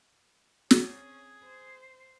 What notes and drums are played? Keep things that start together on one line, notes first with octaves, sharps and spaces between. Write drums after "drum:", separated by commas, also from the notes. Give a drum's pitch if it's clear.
C4 C#4 G#4, drum: snare
C5